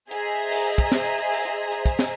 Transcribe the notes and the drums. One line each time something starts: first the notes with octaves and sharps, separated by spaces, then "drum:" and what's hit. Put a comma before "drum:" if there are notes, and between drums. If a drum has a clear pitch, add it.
G#4 C5 D#5 E5 A#5, drum: hi-hat
drum: open hi-hat
drum: kick, hi-hat
drum: snare
drum: hi-hat
drum: hi-hat
drum: open hi-hat
drum: hi-hat
drum: hi-hat
drum: kick, hi-hat
drum: snare